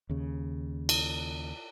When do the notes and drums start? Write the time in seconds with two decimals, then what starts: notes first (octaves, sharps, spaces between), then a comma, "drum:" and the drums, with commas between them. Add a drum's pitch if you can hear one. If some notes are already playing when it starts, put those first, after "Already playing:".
0.09 D#2 C#3
0.89 drum: cymbal